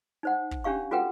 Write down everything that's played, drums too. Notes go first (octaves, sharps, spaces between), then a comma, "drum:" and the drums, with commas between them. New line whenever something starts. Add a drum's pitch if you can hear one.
D#4 C5 F#5
drum: kick
C#4 D4 G4 F5 C#6
F4 F#4 A4 B4 F#5 G5